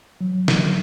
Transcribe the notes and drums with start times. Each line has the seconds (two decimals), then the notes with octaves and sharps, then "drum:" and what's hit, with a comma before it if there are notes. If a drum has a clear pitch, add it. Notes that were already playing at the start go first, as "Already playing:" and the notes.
0.21 F#3
0.48 drum: snare